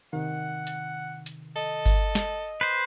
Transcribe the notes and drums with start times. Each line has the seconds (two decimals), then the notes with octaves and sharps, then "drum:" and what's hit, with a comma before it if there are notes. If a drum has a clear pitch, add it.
0.13 C3 D#3 F#5
0.67 drum: hi-hat
1.26 drum: hi-hat
1.56 A4 D#5
1.86 drum: kick G1, open hi-hat
2.15 drum: snare
2.61 B4 C5